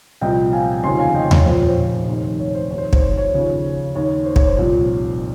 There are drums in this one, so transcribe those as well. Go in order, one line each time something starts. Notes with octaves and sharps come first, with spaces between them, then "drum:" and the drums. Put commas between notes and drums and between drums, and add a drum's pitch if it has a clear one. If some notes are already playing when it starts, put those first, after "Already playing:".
C2 A#2 F3 D#5 G5
F5 G#5
F1 D#2 C#3 F3 G#5 C6
F5 G#5
D#5 G5
C#5, drum: tom D#2
A#1 A#2 F3 C5
C#5
C5
F1 D#2 D#3
C#5
C5
D#2 D#3 C#5
C5
C5, drum: kick
C#5
C#5
D#2 C#3 F3
D#2 D#3 C#5
C5
C#5, drum: kick
C5
C2 A#2 F3